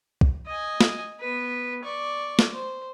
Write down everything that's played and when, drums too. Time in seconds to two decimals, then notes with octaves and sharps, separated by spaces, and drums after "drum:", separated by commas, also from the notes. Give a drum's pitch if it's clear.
0.21 drum: kick
0.47 D#5 G#5
0.81 drum: snare
1.20 B3 B4
1.83 D5 C#6
2.39 drum: snare
2.52 C5